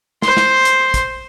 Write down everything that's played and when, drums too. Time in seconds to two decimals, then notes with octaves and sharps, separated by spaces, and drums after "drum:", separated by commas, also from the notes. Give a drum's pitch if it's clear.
0.22 C5 C6, drum: snare
0.37 drum: snare
0.65 drum: hi-hat
0.94 drum: kick, hi-hat